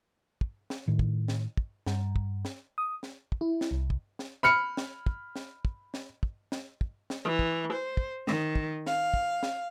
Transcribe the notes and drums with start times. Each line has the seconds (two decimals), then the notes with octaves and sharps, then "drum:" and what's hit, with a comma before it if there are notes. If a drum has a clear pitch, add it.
0.41 drum: kick
0.70 drum: snare
0.88 A2 D#3
0.99 drum: kick
1.28 drum: snare
1.57 drum: kick
1.87 G2, drum: snare
2.16 drum: kick
2.45 drum: snare
2.78 D#6
3.03 drum: snare
3.32 drum: kick
3.41 E4
3.61 drum: snare
3.71 C2
3.90 drum: kick
4.19 drum: snare
4.43 B5 F6 C#7
4.77 drum: snare
5.06 drum: kick
5.36 drum: snare
5.65 drum: kick
5.94 drum: snare
6.23 drum: kick
6.52 drum: snare
6.81 drum: kick
7.10 drum: snare
7.25 E3
7.39 drum: kick
7.72 C5
7.97 drum: kick
8.27 D#3, drum: snare
8.55 drum: kick
8.86 F5, drum: snare
9.14 drum: kick
9.43 drum: snare